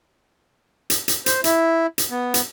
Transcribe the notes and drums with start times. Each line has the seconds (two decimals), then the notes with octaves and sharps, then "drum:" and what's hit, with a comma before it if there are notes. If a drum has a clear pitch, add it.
0.90 drum: hi-hat
1.08 drum: hi-hat
1.26 C5, drum: hi-hat
1.44 E4, drum: hi-hat
1.98 drum: hi-hat
2.11 B3
2.34 drum: hi-hat